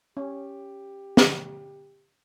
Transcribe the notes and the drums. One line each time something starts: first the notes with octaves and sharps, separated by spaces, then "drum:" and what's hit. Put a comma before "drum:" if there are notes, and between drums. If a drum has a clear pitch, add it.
C#4 G4
drum: snare